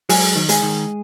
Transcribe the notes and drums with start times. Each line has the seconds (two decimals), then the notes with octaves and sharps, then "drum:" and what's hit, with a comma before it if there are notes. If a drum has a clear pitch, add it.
0.09 F#3 G#3 G#4, drum: open hi-hat
0.36 D#3
0.49 G#3 G#4, drum: hi-hat
0.62 D#3